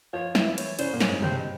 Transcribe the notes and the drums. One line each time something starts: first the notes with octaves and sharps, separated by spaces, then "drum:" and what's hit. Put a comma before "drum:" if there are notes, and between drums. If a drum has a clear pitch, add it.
F3 F4 C#5
E3 E4 E5, drum: snare
C#5, drum: cymbal
C#3 C#4 C5, drum: cymbal
A#2 A#3
C#4, drum: snare
G#2 G#3
G2 G3 C4, drum: tom
G#3